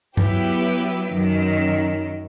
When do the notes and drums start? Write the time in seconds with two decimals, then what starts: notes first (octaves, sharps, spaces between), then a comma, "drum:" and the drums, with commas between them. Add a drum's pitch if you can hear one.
0.17 F#3 B3 E4 G4 B4, drum: tom G2
1.11 F#2 D#3 F#3